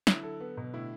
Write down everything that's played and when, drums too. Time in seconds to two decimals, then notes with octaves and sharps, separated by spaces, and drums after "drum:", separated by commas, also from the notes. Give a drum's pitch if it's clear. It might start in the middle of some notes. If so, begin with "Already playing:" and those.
0.07 D3 F#3 E4, drum: snare
0.23 A4
0.40 B3
0.57 B2
0.74 A2 D3 E4